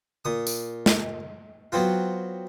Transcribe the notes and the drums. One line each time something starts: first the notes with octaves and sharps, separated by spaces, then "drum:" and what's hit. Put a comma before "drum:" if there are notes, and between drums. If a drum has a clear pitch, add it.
A#2 D#6
drum: tambourine
drum: snare
F#3 B3 C4 F4